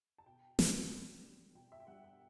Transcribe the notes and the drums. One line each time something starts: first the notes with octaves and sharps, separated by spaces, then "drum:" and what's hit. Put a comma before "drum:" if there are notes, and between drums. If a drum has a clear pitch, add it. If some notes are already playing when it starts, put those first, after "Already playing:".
A5
B2 G5
G3 D4, drum: snare
B2
G3 D4
B2 G5
E5
G5
G3 D4 F#5
G5